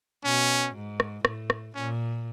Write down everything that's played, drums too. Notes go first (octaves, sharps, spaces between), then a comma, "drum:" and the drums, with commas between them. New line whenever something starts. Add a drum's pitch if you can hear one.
B2 C#4
G#2
drum: rim click
A2, drum: rim click
drum: rim click
A#2 C#4